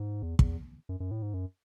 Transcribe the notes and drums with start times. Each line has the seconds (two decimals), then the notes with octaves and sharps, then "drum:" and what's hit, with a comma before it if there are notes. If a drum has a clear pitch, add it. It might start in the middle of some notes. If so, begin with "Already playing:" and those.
Already playing: G#2
0.22 E2
0.39 E2, drum: kick
0.89 F#2
1.00 F#2
1.11 A2
1.22 G#2
1.34 F#2